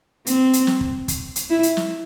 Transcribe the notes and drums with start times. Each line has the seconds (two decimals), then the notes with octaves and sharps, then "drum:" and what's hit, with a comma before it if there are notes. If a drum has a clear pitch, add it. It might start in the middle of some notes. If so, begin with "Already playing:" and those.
0.27 C4, drum: hi-hat
0.53 drum: hi-hat
0.67 drum: snare
0.81 drum: kick
1.08 drum: kick, hi-hat
1.36 drum: hi-hat
1.50 E4
1.63 drum: hi-hat
1.77 drum: snare